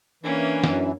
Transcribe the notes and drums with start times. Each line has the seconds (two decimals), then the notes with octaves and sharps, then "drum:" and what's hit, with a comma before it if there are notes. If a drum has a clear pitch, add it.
0.24 E3 A#3 C#4 D4
0.64 F#2, drum: snare